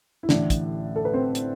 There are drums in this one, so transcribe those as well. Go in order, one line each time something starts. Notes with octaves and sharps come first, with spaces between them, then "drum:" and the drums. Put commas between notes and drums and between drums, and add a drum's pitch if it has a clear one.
E4
A1 A2 D3 E3 D4, drum: snare
drum: kick, hi-hat
A4
B4
C4 C5
drum: hi-hat